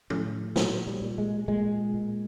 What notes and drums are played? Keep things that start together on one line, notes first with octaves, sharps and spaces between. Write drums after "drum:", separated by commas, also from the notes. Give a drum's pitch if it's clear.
A2, drum: tom
A#2 F#3, drum: snare
G3
A#2
G#3
A#2 G#3
A#2